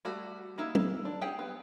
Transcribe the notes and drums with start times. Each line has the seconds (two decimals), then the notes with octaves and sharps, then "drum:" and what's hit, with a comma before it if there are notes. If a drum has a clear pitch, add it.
0.05 G3 A3 F#4
0.58 A#3 D#4 E4
0.75 drum: tom
1.05 D4
1.21 G4 G#4 F#5 G5
1.39 B3